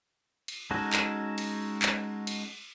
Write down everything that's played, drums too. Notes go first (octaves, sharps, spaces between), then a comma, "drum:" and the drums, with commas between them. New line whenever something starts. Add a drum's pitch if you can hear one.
drum: cymbal
G#3 C#4 D#4 F#4 A4
drum: clap
drum: cymbal
drum: clap
drum: cymbal